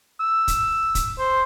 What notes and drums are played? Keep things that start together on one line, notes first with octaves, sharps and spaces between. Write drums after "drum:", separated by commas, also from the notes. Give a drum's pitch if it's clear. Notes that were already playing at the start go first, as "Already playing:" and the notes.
E6
drum: kick, hi-hat
drum: kick, hi-hat
C5